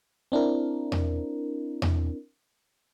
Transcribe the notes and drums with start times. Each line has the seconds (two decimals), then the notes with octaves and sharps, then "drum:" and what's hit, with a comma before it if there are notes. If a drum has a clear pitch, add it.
0.32 C4 D4 E4 A#4
0.92 drum: tom E2
1.82 drum: tom E2